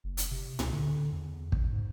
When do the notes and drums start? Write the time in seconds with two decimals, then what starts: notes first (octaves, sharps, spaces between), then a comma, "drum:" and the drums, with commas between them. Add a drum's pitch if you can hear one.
0.04 F#1
0.17 drum: hi-hat
0.31 C3
0.59 C#2, drum: tom A2
0.72 D3
1.12 E2
1.52 A1, drum: kick
1.72 G#2